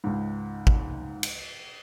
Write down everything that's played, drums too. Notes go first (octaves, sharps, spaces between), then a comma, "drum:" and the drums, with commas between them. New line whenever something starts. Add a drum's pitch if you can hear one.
C#2 G#2
drum: kick
drum: cymbal